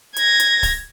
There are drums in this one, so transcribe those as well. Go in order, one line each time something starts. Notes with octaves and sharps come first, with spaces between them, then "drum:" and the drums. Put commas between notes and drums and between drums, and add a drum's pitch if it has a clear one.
G#6 A#6, drum: hi-hat
drum: hi-hat
drum: kick C#1, open hi-hat